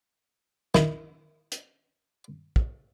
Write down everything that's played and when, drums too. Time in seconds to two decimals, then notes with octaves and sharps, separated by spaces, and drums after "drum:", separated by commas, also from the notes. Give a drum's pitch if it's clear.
0.75 D#3 E4, drum: snare
1.52 drum: hi-hat
2.56 drum: kick